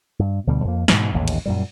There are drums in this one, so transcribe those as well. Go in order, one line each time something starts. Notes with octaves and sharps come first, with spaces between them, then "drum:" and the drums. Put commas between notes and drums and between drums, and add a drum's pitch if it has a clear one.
G2
D2 B2 D3 G3
F2 F3 A#3
G#2 B2, drum: snare
A1 D#2 G#2
drum: cymbal
F#2 A#2 G3